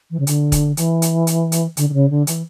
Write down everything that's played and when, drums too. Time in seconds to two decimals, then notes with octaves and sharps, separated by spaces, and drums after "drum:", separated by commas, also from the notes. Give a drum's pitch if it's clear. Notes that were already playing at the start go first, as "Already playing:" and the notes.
0.11 E3
0.19 C#3
0.27 D3, drum: hi-hat
0.52 drum: kick, hi-hat
0.77 E3, drum: hi-hat
1.02 drum: hi-hat
1.27 drum: hi-hat
1.52 drum: hi-hat
1.77 D3, drum: hi-hat
1.89 D3
1.93 C#3
2.10 D3
2.27 E3, drum: hi-hat